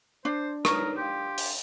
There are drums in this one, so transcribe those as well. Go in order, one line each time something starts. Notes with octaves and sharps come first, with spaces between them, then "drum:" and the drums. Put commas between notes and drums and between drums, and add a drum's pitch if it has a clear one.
D4 C5
D#4 A#4 B4 C#5 C#6, drum: rim click
G4 F5 G5 C6
drum: open hi-hat